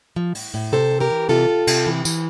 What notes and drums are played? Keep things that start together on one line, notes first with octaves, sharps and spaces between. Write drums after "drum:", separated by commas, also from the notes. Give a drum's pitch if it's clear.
F3
A2, drum: open hi-hat
A2
C3 A4 C5
E3
G4 A#4
E3
C3 F4 A4
C3
C3, drum: cymbal
E3
E3, drum: tambourine